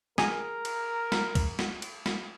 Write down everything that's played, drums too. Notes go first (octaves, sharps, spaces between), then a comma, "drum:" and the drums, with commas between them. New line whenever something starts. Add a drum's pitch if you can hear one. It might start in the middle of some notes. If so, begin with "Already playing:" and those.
G#4 A#4 A#5, drum: snare
drum: cymbal
drum: snare
drum: kick, cymbal
drum: snare
drum: cymbal
drum: snare